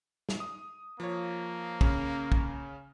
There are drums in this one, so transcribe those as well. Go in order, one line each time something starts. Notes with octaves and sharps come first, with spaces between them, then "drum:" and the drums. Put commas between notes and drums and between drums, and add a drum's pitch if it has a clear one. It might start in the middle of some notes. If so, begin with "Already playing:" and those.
drum: snare
D#6
F3 A#3 C#5
C#3 C#4, drum: kick
drum: kick